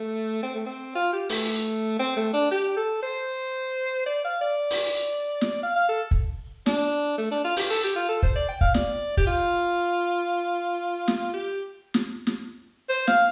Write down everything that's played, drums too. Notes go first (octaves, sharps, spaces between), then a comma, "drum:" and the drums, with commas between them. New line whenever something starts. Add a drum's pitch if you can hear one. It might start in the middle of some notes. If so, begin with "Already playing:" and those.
Already playing: A3
C4
A3
C4
F4
G4
A3, drum: open hi-hat
C4
A3
D4
G4
A4
C5
D5
F5
D5
drum: open hi-hat
drum: snare
F5
F5
A4
drum: kick
D4, drum: snare
A3
D4
F4
G4, drum: open hi-hat
A4
G4
F4
A4
C5, drum: kick
D5
G5
F5, drum: kick
D5, drum: snare
G4, drum: kick
F4
drum: snare
G4
drum: snare
drum: snare
C5
F5, drum: snare